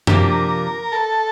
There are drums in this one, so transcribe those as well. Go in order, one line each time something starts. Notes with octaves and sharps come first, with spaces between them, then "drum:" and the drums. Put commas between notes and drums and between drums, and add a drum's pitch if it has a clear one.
C3 F3 A#3 D4 G4 A#4, drum: tom F#2
A4